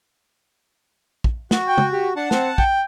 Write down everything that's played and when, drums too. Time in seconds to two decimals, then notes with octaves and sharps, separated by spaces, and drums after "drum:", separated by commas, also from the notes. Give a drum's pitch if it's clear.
1.24 drum: kick
1.51 F#4, drum: snare
1.66 G5
1.78 drum: tom
1.92 G4
2.16 D4 F#5 A5
2.31 C4, drum: snare
2.58 G5, drum: kick